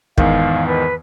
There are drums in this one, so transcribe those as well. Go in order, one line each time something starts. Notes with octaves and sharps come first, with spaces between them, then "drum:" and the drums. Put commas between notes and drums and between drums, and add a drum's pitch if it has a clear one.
E2 G#2 D#3 F5, drum: kick
B4